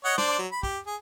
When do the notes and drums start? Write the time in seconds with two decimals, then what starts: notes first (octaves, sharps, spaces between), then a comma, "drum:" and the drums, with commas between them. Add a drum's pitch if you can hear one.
0.05 C#5 D#5 F#5
0.18 D4 C5 D5, drum: snare
0.39 F#3
0.52 B5
0.63 G4, drum: kick
0.87 G#4